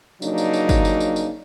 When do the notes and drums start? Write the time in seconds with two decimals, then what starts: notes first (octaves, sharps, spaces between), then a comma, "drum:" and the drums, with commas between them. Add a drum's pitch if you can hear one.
0.22 C#3 F3 F#3 A#3 D4 D#4, drum: tambourine
0.38 drum: tambourine
0.53 drum: tambourine
0.69 drum: kick, tambourine
0.85 drum: tambourine
1.00 drum: tambourine
1.16 drum: tambourine